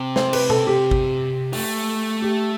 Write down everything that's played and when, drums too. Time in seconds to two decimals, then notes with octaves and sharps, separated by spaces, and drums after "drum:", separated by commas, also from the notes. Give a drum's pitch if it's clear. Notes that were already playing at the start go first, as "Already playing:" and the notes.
Already playing: C3
0.16 C5, drum: snare
0.33 B4, drum: cymbal
0.50 A4, drum: tom B2
0.67 G4
0.91 drum: kick G#1
1.53 A3, drum: open hi-hat
2.22 G4